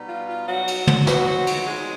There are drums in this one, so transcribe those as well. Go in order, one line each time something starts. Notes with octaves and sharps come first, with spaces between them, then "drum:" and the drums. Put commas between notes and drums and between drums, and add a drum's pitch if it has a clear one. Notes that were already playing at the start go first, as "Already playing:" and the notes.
Already playing: B2 G3 B3 D#4
F4
F4
F#3 F#4
drum: cymbal
drum: tom
B2 F#3 G3 C4 D#4 F#4, drum: snare
drum: cymbal
G#3 G#4